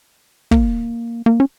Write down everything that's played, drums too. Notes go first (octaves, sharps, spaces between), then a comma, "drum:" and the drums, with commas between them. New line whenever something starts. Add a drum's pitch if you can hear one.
A#3, drum: kick
A#3
C#4